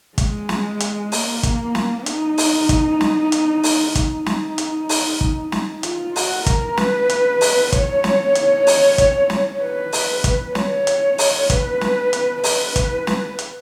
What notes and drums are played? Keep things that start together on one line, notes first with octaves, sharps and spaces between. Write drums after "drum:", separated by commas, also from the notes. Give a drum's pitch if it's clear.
G#3, drum: kick, hi-hat
drum: snare
drum: hi-hat
A#3, drum: open hi-hat
drum: kick, hi-hat
drum: snare
D#4, drum: hi-hat
drum: open hi-hat
drum: kick, hi-hat
drum: snare
drum: hi-hat
drum: open hi-hat
D#4, drum: kick, hi-hat
drum: snare
drum: hi-hat
drum: open hi-hat
drum: kick
drum: snare
F4, drum: hi-hat
F#4, drum: open hi-hat
A#4, drum: kick, hi-hat
B4, drum: snare
drum: hi-hat
drum: open hi-hat
C#5, drum: kick, hi-hat
drum: snare
drum: hi-hat
drum: open hi-hat
drum: kick, hi-hat
drum: snare
B4
drum: open hi-hat
drum: kick, hi-hat
C#5, drum: snare
drum: hi-hat
drum: open hi-hat
B4, drum: kick, hi-hat
drum: snare
drum: hi-hat
B4, drum: open hi-hat
drum: kick, hi-hat
drum: snare
drum: hi-hat